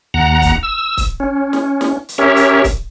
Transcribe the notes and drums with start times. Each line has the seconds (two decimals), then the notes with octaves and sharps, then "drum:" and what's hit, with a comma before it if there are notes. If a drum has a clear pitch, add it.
0.14 D#2 F#5 A#5
0.42 drum: kick C#1, hi-hat
0.63 E6
0.97 drum: kick C#1, hi-hat
1.20 C#4
1.53 drum: snare
1.81 drum: snare
2.09 drum: hi-hat
2.18 C#4 G4 A#4 C#5 E5
2.36 drum: hi-hat
2.64 drum: kick C#1, hi-hat